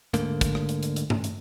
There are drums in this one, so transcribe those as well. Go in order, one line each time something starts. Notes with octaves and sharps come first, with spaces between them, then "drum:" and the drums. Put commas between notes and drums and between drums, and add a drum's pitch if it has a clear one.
D2 G#2 D3 A#3, drum: hi-hat
drum: kick, hi-hat
drum: rim click
drum: hi-hat
drum: hi-hat
drum: hi-hat
drum: tom
drum: hi-hat